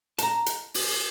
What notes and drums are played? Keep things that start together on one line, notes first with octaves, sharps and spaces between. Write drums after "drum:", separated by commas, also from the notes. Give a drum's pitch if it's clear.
A5 A#5, drum: hi-hat
drum: hi-hat
drum: open hi-hat